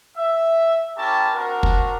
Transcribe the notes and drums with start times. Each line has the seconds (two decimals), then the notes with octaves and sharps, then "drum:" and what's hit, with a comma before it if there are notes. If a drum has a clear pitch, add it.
0.16 E5
0.97 C#4 E4 G4 A#4 A5
1.34 C4 D4 F#4 A#4
1.63 drum: kick